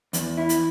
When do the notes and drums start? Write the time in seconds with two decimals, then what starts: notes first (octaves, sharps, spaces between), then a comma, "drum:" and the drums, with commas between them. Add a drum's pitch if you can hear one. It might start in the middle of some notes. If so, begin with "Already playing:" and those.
0.13 E2, drum: hi-hat
0.37 E4
0.49 drum: hi-hat